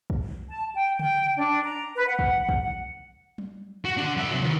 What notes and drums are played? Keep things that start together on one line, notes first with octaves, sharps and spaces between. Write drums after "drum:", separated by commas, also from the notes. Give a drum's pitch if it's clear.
drum: kick
A5
G5
G5, drum: tom C#3
D4
A#5
B4
F#5
drum: kick
drum: kick
F#5
drum: tom F#3
F#4
D4 F#5
G3 E5
C3 F#3
D#3 E3